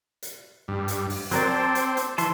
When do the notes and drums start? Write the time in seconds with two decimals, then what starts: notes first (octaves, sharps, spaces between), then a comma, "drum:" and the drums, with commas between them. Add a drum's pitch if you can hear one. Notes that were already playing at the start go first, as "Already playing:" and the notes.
0.23 drum: hi-hat
0.68 G2
0.88 drum: hi-hat
1.10 drum: open hi-hat
1.31 F#3 C4 A#4 D5, drum: hi-hat
1.47 A5 D6
1.75 drum: hi-hat
1.97 drum: hi-hat
2.18 E3 A5 C6, drum: hi-hat